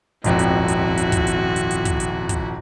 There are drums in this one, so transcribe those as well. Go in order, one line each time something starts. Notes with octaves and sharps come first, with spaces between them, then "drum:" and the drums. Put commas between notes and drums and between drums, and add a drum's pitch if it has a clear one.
D#1 G#1 F2 E4 F#4, drum: hi-hat
drum: hi-hat
drum: hi-hat
drum: hi-hat
drum: kick, hi-hat
drum: hi-hat
drum: hi-hat
drum: hi-hat
drum: kick, hi-hat
drum: hi-hat
drum: kick, hi-hat